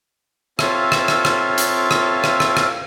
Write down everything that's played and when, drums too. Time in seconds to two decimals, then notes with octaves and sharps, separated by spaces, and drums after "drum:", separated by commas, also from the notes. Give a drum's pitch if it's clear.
0.59 C4 F4 A4 C#5 E5 F5, drum: rim click
0.92 drum: rim click
1.08 drum: rim click
1.25 drum: rim click
1.58 drum: hi-hat
1.91 drum: rim click
2.24 drum: rim click
2.40 drum: rim click
2.57 drum: rim click